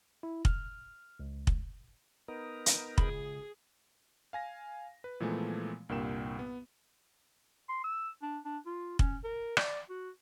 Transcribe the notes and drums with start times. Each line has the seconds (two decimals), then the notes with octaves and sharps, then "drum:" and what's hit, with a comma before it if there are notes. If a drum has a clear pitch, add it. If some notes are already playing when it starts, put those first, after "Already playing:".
0.23 E4
0.45 F6, drum: kick
1.19 C#2
1.47 drum: kick
2.28 B3 D#4 A#4
2.66 drum: hi-hat
2.98 C#2 G#4 B5, drum: kick
4.33 F5 G#5 A#6
5.04 B4
5.20 A#2 E3 F3 G#3 A3 B3
5.89 C2 G2 A#2 A#3 G5 E7
6.39 B3
7.69 C6
7.84 E6
8.22 D4
8.44 D4
8.66 F4
8.99 C#4, drum: kick
9.24 A#4
9.57 D5, drum: rim click
9.90 F#4